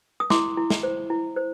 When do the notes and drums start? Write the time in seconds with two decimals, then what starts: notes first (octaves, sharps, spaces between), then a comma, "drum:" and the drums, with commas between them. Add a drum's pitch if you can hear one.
0.20 D#6
0.30 E4 C6 D6, drum: snare
0.57 E4
0.70 drum: snare
0.83 C5
1.10 E4
1.36 C5